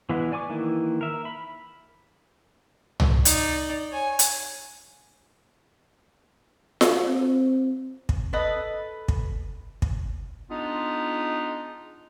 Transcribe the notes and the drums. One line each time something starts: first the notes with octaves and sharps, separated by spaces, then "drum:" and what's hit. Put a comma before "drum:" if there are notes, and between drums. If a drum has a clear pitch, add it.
E3 G#3 B3 E4
D5 G#5 C#6 D6
D#3 E3 A#3 E4
A#4 E5
B5
drum: tom
D#4 D5, drum: hi-hat
C#5 G#5
drum: hi-hat
drum: snare F4
C4
drum: kick
A4 B4 D#5
drum: kick
drum: kick
G#3 B3 D4 D#4 F4